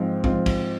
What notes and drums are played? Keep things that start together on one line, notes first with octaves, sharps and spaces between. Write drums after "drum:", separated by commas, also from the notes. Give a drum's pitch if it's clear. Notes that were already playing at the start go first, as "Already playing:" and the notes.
Already playing: G#2 F3 C4 F4
G#2 F3 C4 F4, drum: kick
drum: kick, cymbal